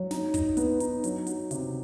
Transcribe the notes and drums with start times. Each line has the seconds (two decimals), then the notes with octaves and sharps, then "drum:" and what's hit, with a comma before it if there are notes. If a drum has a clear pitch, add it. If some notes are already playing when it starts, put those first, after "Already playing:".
Already playing: F#3
0.11 D#4, drum: snare
0.34 D#4, drum: kick, hi-hat
0.57 B3, drum: hi-hat
0.80 D#4, drum: hi-hat
1.04 F#3, drum: hi-hat
1.27 F#4, drum: hi-hat
1.51 C3, drum: hi-hat